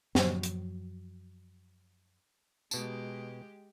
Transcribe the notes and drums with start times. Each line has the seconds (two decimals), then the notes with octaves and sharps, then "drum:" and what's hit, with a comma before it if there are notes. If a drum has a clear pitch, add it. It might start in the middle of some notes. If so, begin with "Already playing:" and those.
0.15 F#2 F3 F#3, drum: snare
0.43 drum: hi-hat
2.71 B2 G#3 G4 A5, drum: tambourine